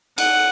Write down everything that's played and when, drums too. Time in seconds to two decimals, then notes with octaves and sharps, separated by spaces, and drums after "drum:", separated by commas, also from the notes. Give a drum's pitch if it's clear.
0.18 F#5, drum: cymbal